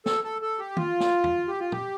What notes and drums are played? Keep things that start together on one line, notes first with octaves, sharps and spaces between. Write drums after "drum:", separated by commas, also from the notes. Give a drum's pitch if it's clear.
A4, drum: snare
A4
A4
G4
F4, drum: tom
drum: snare
drum: tom
G4
F4
G4, drum: tom